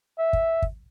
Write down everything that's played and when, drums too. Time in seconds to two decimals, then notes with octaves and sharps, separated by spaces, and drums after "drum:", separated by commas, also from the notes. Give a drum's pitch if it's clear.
0.19 E5
0.33 drum: kick
0.62 drum: kick